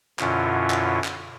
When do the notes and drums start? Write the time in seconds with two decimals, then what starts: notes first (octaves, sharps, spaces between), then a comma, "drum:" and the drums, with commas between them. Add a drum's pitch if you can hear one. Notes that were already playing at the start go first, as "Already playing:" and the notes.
0.19 F#2 B2 D3 C#4 E4 F4, drum: clap
0.70 drum: clap
1.04 drum: clap